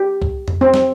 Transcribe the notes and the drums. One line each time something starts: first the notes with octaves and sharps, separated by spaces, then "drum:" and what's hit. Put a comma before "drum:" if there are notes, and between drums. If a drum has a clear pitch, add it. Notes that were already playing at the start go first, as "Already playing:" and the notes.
Already playing: G4
drum: kick
drum: tom F2
C4
drum: snare